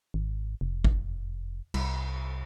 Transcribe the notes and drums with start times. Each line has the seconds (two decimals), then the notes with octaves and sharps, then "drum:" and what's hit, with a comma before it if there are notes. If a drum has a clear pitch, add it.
0.14 G#1
0.61 F1
0.84 drum: kick G#1
1.74 C2, drum: cymbal